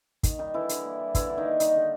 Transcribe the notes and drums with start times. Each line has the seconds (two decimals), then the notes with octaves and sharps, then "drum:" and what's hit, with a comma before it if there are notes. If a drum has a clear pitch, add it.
0.23 D#3 A#3 D#4, drum: kick, hi-hat
0.39 D#3 G3 D#4
0.54 D3 E3 E4
0.69 D3, drum: hi-hat
0.84 A#3
0.99 G3
1.15 D3 E3 E4, drum: kick, hi-hat
1.30 D3
1.37 D#3 D#4
1.45 A#3
1.60 D#3 G3 D#4, drum: hi-hat
1.75 D3